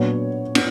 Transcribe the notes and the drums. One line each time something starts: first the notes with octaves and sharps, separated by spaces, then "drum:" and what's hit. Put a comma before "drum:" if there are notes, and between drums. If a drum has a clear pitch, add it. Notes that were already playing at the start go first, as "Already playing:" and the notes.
Already playing: A#2 F#3 B3 D4 C#5
B3 D4, drum: cymbal